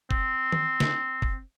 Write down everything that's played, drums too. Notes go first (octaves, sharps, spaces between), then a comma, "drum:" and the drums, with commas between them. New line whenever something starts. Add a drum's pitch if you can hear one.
C4, drum: kick
drum: tom D#3
drum: snare
drum: kick